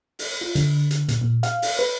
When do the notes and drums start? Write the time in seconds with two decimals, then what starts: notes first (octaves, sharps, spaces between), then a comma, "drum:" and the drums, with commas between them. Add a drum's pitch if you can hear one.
0.19 drum: open hi-hat
0.41 F4
0.55 D3, drum: hi-hat
0.91 drum: hi-hat
1.08 A#2, drum: hi-hat
1.21 A#2
1.43 F5, drum: hi-hat
1.62 drum: open hi-hat
1.79 B4